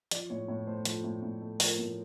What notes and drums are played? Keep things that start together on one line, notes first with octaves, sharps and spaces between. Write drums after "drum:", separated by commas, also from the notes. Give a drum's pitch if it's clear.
F3 D5, drum: hi-hat
A2 C#5
A2 C#5
A3 C5
F3 A4, drum: hi-hat
A2
A2
A3
F3 A#4, drum: open hi-hat
A2